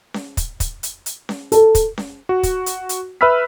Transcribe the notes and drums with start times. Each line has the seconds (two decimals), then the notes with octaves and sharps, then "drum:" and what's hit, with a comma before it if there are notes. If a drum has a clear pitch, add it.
0.14 drum: snare C#4
0.37 drum: kick, hi-hat
0.60 drum: kick, hi-hat
0.83 drum: hi-hat
1.06 drum: hi-hat
1.29 drum: snare C#4
1.52 A4, drum: hi-hat
1.75 drum: kick, hi-hat
1.98 drum: snare C#4
2.29 F#4
2.43 drum: kick, hi-hat
2.66 drum: hi-hat
2.89 drum: hi-hat
3.21 B4 E5 B5 E6 F6 B6